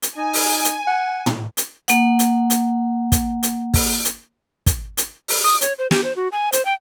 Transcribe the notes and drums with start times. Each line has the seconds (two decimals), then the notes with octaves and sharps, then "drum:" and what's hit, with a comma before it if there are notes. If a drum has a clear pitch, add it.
0.02 drum: hi-hat
0.17 D#4 G#5
0.33 drum: open hi-hat
0.64 drum: hi-hat
0.87 F#5
1.26 drum: tom
1.57 drum: hi-hat
1.88 A#3 F#5, drum: hi-hat
2.19 drum: hi-hat
2.50 drum: hi-hat
3.12 drum: kick, hi-hat
3.43 drum: hi-hat
3.74 drum: kick, open hi-hat
4.05 drum: hi-hat
4.66 drum: kick, hi-hat
4.97 drum: hi-hat
5.28 drum: open hi-hat
5.44 D#6
5.61 C#5, drum: hi-hat
5.79 C5
5.91 G4, drum: snare
6.04 C5
6.16 F#4
6.32 G#5
6.52 C5, drum: hi-hat
6.65 G5